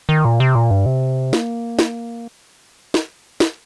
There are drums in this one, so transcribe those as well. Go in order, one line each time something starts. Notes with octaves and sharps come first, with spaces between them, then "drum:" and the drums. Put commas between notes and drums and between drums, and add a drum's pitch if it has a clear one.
D#3
A#2
C3
A#2
G2
C3
A#3, drum: snare
drum: snare
drum: snare
drum: snare